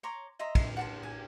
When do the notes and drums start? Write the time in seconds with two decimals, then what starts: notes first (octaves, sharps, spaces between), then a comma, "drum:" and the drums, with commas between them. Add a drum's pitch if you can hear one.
0.03 C#5 A#5 C6 D6
0.39 D#5 E5 A#5 C6
0.55 drum: kick, cymbal
0.77 F#5 A5 C6
1.03 G#5